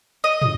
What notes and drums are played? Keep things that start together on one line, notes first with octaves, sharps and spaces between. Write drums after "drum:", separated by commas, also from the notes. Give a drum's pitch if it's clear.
D#5
drum: tom